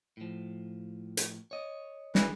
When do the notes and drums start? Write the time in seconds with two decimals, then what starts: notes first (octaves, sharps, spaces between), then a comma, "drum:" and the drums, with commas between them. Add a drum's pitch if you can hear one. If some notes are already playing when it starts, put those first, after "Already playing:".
0.17 A2 F3
1.17 drum: hi-hat
1.51 C#5 D#5
2.15 D3 E3 G#3, drum: snare